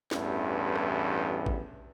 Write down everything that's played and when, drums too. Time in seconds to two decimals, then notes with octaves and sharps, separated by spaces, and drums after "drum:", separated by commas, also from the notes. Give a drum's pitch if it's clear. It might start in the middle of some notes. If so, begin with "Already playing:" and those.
0.11 A1 E2 G2, drum: snare
0.76 drum: rim click
1.46 drum: kick